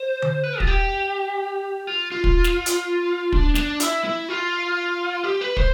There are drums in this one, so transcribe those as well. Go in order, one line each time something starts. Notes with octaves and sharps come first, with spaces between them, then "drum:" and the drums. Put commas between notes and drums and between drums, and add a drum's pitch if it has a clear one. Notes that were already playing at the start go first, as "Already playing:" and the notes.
Already playing: C5
drum: tom D3
B4
F4, drum: kick
G4
F4
F4
drum: kick
drum: snare
drum: hi-hat
D4, drum: kick
D4, drum: snare
E4, drum: hi-hat
E4
F4
G4
B4
C5, drum: kick